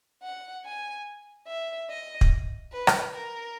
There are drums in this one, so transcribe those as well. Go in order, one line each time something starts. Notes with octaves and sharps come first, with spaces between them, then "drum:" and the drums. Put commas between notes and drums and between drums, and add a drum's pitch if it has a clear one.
F#5
G#5
E5
D#5
drum: kick
B4
drum: rim click
A#4